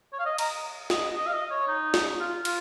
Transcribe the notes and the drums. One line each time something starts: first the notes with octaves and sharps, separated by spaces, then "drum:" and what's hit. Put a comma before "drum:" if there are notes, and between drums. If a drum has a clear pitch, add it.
C#5
F5
D#5
A#5, drum: cymbal
D#5, drum: snare
D#5
F5
D#5
C#5
D#4
drum: snare
F4
F4, drum: cymbal